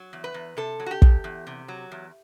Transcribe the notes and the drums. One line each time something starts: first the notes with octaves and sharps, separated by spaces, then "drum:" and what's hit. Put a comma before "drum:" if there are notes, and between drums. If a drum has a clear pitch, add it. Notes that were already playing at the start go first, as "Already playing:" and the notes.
Already playing: F#3
E2
B4
E2
C3 A4
F#3
F#4
G4
E2, drum: kick
E2
C3
F#3
E2